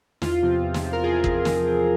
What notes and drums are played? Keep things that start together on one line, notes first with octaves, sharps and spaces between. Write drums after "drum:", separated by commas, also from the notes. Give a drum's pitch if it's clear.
E2 F4, drum: snare
C3 F3 C4
E2
drum: snare
C3 F3 C4
A#4
E2 F4 G#4
C3 F3 C4, drum: kick
E2, drum: snare
C3 F3 C4